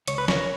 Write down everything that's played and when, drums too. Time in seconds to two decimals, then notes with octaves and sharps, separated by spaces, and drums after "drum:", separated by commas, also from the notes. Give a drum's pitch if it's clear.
0.08 C#2 C#5, drum: hi-hat
0.18 B4
0.28 A#4 C#5, drum: snare